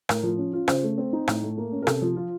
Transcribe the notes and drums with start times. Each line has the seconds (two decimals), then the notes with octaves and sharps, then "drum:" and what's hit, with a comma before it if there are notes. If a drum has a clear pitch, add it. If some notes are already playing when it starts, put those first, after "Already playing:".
0.09 A2 A#4, drum: rim click
0.23 F3
0.38 C#4
0.53 F4
0.68 C#3 C5, drum: rim click
0.83 A3
0.98 C4
1.13 D#4
1.28 A2, drum: rim click
1.43 A3
1.58 A#3
1.72 C#4
1.82 A#4
1.87 C3 A4, drum: rim click
2.02 F3
2.16 F4